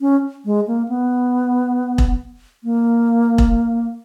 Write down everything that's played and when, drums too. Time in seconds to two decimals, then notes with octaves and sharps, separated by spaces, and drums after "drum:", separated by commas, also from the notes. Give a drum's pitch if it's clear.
0.01 C#4
0.45 G#3
0.67 A#3
0.88 B3
1.98 drum: kick E1
2.64 A#3
3.38 drum: kick E1